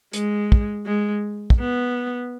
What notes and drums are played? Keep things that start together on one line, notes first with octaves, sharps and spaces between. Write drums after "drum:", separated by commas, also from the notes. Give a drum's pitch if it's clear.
G#3, drum: hi-hat
drum: kick
G#3
drum: kick
B3